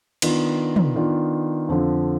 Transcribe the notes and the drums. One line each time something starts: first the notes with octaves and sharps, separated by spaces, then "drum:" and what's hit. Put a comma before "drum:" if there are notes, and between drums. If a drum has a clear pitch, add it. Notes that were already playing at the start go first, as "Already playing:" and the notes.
D#3 B3 D4 F4, drum: cymbal
drum: tom
D#3 B3 D4 F4
F2 D3 F3